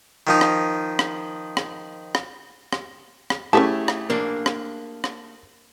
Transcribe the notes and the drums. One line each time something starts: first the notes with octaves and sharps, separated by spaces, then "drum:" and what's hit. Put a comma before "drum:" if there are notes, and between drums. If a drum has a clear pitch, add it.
D#3 F3 D#4
drum: rim click
drum: rim click
drum: rim click
drum: rim click
drum: rim click
drum: rim click
A3 C#4 E4 G4 G#4 E5 A5
drum: rim click
A#3 D4
drum: rim click
drum: rim click